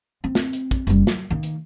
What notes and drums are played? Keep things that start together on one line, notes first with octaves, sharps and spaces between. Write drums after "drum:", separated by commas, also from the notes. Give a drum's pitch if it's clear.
C4
drum: snare
drum: hi-hat
drum: kick, hi-hat
F#1 G3, drum: hi-hat
F#3, drum: snare
D#3 A#3
drum: hi-hat